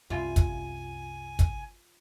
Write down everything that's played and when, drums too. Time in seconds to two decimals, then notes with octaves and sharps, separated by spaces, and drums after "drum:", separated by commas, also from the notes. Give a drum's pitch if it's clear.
0.10 C2 F#2 F4 G#5
0.36 drum: kick, hi-hat
1.39 drum: kick, hi-hat